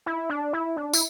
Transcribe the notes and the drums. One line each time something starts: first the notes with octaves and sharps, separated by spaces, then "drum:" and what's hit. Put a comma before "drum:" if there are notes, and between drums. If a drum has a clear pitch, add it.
E4
D4
E4
D4
E4, drum: tambourine